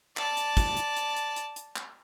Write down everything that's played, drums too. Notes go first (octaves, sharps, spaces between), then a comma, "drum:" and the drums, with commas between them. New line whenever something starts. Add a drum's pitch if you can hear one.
D5 A5, drum: clap
drum: hi-hat
drum: kick, hi-hat
drum: hi-hat
drum: hi-hat
drum: hi-hat
drum: hi-hat
drum: hi-hat
drum: clap